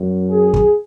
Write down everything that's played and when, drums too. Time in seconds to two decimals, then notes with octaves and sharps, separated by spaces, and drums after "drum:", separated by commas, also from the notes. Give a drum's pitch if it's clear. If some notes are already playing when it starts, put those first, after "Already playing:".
Already playing: F#2
0.30 G#4
0.54 drum: kick